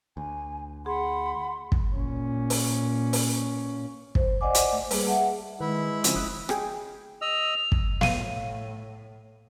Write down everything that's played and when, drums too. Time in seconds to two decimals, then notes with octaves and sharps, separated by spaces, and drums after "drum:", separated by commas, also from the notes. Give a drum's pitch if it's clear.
0.17 D2 G#5
0.86 G#4 F#5 B5 C6
1.72 drum: kick
1.94 A#2 C#4
2.50 drum: open hi-hat
3.13 drum: open hi-hat
4.15 C5, drum: kick
4.41 C5 D5 D#5 F#5 G#5 D6
4.55 drum: hi-hat
4.73 A3
4.91 G3 A#3 G#4 B4, drum: open hi-hat
5.07 E5 F#5 A5
5.20 G#4
5.61 D#3 G#3 E4 B4
6.04 C#3 F3 C4 C#4, drum: hi-hat
6.16 F#1 D#6 F#6
6.49 G#4 G5 G#5, drum: rim click
7.22 D#5 E6 F7
7.72 drum: kick
8.01 A2 F5 D#7, drum: snare